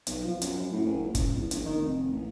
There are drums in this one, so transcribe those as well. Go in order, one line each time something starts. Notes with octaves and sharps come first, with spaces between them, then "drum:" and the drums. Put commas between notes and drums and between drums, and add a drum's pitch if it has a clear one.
B1, drum: hi-hat
F3
F#2, drum: hi-hat
F#2
A2
F#1
C#2
drum: kick, hi-hat
E2
A#1, drum: hi-hat
D#3
F1
A1